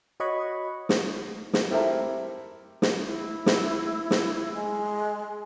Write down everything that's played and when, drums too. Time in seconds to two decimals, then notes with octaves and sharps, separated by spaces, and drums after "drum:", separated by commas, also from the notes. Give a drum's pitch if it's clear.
0.20 F#4 C#5 D#5 F#5 B5 C#6
0.89 drum: snare
1.53 drum: snare
1.71 C4 E4 G4 A4 A#4 E5
2.82 drum: snare
3.03 E4
3.46 drum: snare
4.11 drum: snare
4.53 G#3